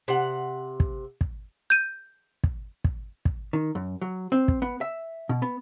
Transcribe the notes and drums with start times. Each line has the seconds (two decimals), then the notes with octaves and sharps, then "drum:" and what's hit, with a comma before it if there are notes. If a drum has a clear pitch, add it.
0.08 C3 F#5
0.80 drum: kick
1.21 drum: kick
1.70 G6 D#7
2.44 drum: kick
2.85 drum: kick
3.25 drum: kick
3.53 D#3
3.75 F#2
4.02 F#3
4.32 C4
4.48 drum: kick
4.62 B3
4.81 E5
5.29 B2
5.42 B3